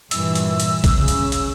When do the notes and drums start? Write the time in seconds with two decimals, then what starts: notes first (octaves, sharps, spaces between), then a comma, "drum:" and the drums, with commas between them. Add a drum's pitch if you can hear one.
0.11 G2 A#2 E3 E6, drum: hi-hat
0.35 drum: hi-hat
0.60 drum: hi-hat
0.84 drum: kick, hi-hat
0.97 C#3
1.08 drum: hi-hat
1.32 drum: hi-hat